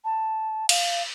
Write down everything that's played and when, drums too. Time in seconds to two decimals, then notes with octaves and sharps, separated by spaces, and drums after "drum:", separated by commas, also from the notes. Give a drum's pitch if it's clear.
0.05 A5
0.69 F5, drum: cymbal